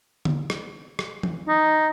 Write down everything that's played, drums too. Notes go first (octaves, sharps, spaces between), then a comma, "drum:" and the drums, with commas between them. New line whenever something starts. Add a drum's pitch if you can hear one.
drum: tom D3
drum: rim click
drum: rim click
drum: tom E3
D#4